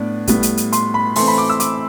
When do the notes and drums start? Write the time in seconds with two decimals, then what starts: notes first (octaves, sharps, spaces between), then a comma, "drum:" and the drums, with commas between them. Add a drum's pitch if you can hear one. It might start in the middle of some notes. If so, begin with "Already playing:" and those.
Already playing: A2 B3 D4
0.27 A2 G3 B3, drum: kick, hi-hat
0.43 drum: hi-hat
0.57 drum: hi-hat
0.73 C6, drum: hi-hat
0.94 B5
1.16 E3 A3 C4 C6, drum: open hi-hat
1.28 B5
1.38 D6
1.50 E6
1.60 D6, drum: hi-hat